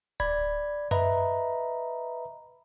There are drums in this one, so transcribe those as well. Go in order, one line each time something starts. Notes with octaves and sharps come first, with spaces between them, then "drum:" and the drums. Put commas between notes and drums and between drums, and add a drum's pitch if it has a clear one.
D5 B5 G#6, drum: kick D1
B4 D#5 E5 A#5 B5, drum: tom F#2